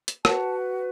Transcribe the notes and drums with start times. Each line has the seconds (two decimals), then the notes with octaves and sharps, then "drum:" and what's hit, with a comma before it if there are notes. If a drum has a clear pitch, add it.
0.08 drum: hi-hat
0.25 F#4 B4 F#5 A5, drum: rim click